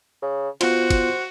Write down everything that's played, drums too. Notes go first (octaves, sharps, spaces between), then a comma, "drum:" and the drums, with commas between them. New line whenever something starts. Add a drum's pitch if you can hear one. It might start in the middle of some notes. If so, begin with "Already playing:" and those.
C#3
B3 F4 F#4 C5, drum: cymbal
drum: kick, cymbal